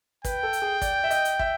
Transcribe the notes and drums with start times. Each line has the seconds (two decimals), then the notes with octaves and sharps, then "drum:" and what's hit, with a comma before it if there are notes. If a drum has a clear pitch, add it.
0.25 B4 G5, drum: kick, hi-hat
0.43 A4
0.53 drum: hi-hat
0.62 G#4
0.82 D5, drum: kick, hi-hat
1.04 E5
1.11 D#5, drum: hi-hat
1.25 drum: hi-hat
1.39 E5, drum: kick